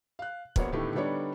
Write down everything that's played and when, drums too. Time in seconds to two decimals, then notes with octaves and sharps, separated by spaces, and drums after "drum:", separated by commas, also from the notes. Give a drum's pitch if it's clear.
0.19 F5 F#6
0.56 A#1 A#3 B3 F#4 C5 C#5, drum: kick
0.72 A2 D3 D#3 A3 B3 G4
0.95 D3 G3 B3 D4 D#4 C#5